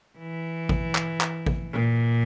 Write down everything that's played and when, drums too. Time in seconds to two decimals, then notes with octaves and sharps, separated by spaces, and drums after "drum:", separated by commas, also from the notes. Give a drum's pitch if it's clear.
0.18 E3
0.69 drum: kick A1
0.95 drum: clap
1.21 drum: clap
1.46 drum: kick A1
1.72 A#2